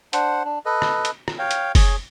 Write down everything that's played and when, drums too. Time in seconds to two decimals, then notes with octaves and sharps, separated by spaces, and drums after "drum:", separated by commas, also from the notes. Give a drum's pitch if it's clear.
0.13 D4 C5 F#5, drum: hi-hat
0.45 D4
0.66 A4 B4 D#5
0.82 drum: rim click
1.05 drum: hi-hat
1.28 drum: rim click
1.39 C#5 F5 G5
1.51 drum: hi-hat
1.75 G#4 C#5, drum: kick F#1, open hi-hat